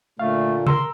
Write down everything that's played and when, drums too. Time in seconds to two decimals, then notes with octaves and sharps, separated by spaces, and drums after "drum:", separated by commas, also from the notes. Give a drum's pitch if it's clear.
0.19 A#2 D3 A3 F5
0.67 A#4 A#5 C6 E6, drum: tom C3